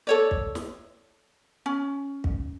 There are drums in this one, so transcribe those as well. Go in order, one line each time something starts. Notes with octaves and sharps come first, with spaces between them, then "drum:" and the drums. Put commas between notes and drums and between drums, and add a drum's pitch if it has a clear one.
A4 C#5 D5
drum: kick
drum: snare
C#4
drum: kick